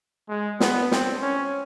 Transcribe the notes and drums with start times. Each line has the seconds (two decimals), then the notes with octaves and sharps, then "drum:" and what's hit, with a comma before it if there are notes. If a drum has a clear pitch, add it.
0.29 G#3
0.60 B3, drum: snare
0.92 C4, drum: snare
1.22 C#4